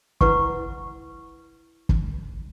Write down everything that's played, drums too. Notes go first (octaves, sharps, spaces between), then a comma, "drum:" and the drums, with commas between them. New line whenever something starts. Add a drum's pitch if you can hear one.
E4 B4 F#5 C#6, drum: kick
drum: kick